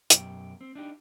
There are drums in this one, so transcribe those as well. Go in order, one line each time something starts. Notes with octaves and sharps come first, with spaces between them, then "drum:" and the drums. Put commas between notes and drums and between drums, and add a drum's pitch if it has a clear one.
F#2 B2 G4, drum: hi-hat
C4
D4 D#4 G4